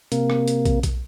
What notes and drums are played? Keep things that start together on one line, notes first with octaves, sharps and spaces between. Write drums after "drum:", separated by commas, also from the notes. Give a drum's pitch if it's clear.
C3 A#3, drum: hi-hat
drum: rim click
drum: hi-hat
drum: kick, hi-hat
drum: kick, hi-hat